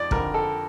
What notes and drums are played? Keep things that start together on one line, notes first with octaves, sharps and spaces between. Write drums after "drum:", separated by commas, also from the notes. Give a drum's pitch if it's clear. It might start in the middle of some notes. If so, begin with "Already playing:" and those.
Already playing: F2 D5
F2 D3 G3 A#4, drum: kick
A4